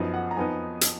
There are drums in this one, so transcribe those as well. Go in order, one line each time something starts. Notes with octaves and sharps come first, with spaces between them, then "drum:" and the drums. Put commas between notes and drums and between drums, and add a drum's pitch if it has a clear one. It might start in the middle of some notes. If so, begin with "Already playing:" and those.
Already playing: F#2 F3 B3 D#4
F#5
A#5
F2 F3 B3 D#4 G#5
drum: hi-hat